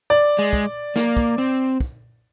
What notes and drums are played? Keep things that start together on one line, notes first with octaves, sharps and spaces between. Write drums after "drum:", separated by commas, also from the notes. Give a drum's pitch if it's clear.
D5
G#3
drum: kick
A#3, drum: snare
drum: kick
C4
drum: kick